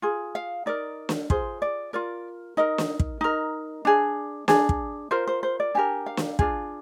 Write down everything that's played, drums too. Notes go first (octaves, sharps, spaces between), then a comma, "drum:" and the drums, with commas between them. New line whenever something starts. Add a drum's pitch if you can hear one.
F4 G#4
F5
D#4 A#4 D5
drum: snare
F4 G#4 C5, drum: kick
D5
F4 A#4 D5
D#4 A#4 D#5
drum: snare
drum: kick
D#4 A#4
D4 G#4
D4 G#4, drum: snare
drum: kick
F4 A#4 C5
C5
C5
D5
D4 G4 A#4 G#5
F5
drum: snare
D4 F4 G#4, drum: kick